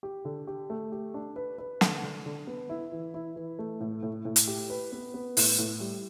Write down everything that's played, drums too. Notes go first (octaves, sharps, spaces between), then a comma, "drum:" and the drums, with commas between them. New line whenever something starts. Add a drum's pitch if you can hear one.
G4
D3
G4
A3
G4
D4
B4
B4
D3, drum: snare
D3
D3
B3
E4
E3
E4
E3
A3
A2
A2
A2
drum: hi-hat
G4
B4
B3
B3
A2, drum: open hi-hat
A2
G3